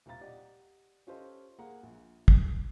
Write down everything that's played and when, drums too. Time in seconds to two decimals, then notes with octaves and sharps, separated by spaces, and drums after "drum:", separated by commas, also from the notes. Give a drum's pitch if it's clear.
0.06 D#1 C3 G4 F5 A#5 A6
0.21 G4 D5 D#5 F#5
1.07 C#4 F4 G4 A4 C5 D#5
1.59 A#3 G#4 F#5 A#5
1.83 A#1
2.28 drum: kick